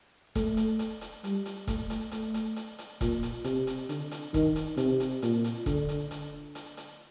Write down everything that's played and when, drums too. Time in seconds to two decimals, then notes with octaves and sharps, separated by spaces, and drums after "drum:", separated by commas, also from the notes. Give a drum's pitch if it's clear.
0.35 A3, drum: kick E1, hi-hat
0.57 drum: hi-hat
0.79 drum: hi-hat
1.01 drum: hi-hat
1.24 G3, drum: hi-hat
1.46 drum: hi-hat
1.67 A3, drum: kick E1, hi-hat
1.90 drum: hi-hat
2.11 A3, drum: hi-hat
2.34 drum: hi-hat
2.56 drum: hi-hat
2.78 drum: hi-hat
3.01 A#2, drum: kick E1, hi-hat
3.23 drum: hi-hat
3.44 C3, drum: hi-hat
3.67 drum: hi-hat
3.89 D3, drum: hi-hat
4.11 drum: hi-hat
4.34 D#3, drum: kick E1, hi-hat
4.56 drum: hi-hat
4.77 C3, drum: hi-hat
5.00 drum: hi-hat
5.22 A#2, drum: hi-hat
5.44 drum: hi-hat
5.66 D3, drum: kick E1, hi-hat
5.89 drum: hi-hat
6.11 drum: hi-hat
6.55 drum: hi-hat
6.77 drum: hi-hat